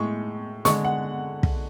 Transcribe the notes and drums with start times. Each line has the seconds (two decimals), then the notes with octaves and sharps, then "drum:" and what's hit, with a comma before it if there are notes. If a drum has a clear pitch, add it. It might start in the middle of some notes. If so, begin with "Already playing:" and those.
Already playing: A2 G#3 C#6
0.65 D3 G#3 C#6, drum: snare
0.85 F#5
1.43 drum: kick